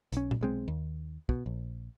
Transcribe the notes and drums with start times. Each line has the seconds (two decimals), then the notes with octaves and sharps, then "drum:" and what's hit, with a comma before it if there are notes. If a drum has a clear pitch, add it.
0.12 B1 C#4, drum: hi-hat
0.31 drum: tom A#2
0.41 B1 G#3 C4
0.68 D#2
1.29 B2, drum: kick
1.46 A#1